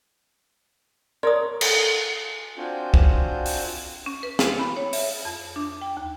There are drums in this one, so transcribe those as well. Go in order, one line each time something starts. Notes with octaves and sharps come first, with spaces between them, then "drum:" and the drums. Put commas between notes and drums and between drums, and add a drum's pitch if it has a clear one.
A#4 C#5 D5 C6 D#6
A4, drum: cymbal
C4 D4 F4 F#4 G#5 G6
drum: kick
drum: open hi-hat
C#4
B4
E4, drum: snare
B5
C#5
E5, drum: open hi-hat
F2
D4
G5
D#2